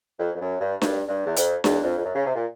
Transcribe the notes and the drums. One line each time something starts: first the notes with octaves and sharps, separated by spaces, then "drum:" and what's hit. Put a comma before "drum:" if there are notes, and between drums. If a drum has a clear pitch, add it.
F2
F2
F#2
G2
G2, drum: snare D4
G2
E2
F2, drum: hi-hat
E2, drum: snare D4
F2
F2
F#2
C#3
C3
A#2